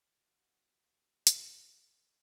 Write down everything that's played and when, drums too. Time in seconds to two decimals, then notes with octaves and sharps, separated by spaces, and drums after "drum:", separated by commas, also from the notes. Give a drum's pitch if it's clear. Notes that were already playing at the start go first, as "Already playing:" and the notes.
0.21 D#2 F#4 F5
1.27 drum: hi-hat